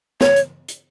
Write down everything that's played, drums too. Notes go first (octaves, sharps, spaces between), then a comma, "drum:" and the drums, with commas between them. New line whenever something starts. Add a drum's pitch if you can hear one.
C#5, drum: snare
drum: hi-hat
drum: hi-hat